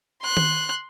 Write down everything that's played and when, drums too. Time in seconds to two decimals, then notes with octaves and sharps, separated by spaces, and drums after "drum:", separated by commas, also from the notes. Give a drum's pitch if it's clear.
0.22 C6 F#6
0.37 drum: tom D#3